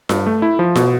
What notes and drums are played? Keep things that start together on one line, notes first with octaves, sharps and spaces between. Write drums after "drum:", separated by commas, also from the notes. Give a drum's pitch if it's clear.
G2, drum: snare F4
A3
E4
F3
B2, drum: snare F4